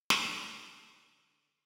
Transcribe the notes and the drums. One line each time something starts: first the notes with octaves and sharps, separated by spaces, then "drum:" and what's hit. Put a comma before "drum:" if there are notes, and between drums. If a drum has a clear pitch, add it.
drum: snare
F4
E3 E4
D3 D4
D3 D4